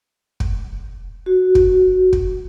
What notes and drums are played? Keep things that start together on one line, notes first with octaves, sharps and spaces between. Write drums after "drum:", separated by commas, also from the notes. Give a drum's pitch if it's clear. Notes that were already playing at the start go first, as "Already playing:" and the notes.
drum: kick
F#4
drum: kick
drum: kick